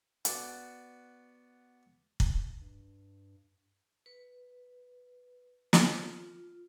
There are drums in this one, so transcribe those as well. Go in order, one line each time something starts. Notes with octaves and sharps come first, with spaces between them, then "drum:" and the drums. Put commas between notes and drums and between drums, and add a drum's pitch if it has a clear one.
B3 F#4 D5, drum: hi-hat
drum: kick
G2
B4
F4, drum: snare